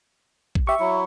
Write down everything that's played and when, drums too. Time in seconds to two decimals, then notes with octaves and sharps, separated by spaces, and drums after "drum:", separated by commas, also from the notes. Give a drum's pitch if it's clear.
0.55 drum: kick
0.67 G4 E5 C#6
0.80 F#3 E4